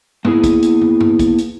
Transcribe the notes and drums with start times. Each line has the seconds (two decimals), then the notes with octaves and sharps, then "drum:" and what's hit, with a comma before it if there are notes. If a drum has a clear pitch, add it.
0.25 A#3 B3 E4 G#4, drum: tom G2
0.44 drum: kick, hi-hat
0.63 drum: hi-hat
0.81 drum: tom
1.00 drum: tom G2
1.19 drum: kick, hi-hat
1.38 drum: hi-hat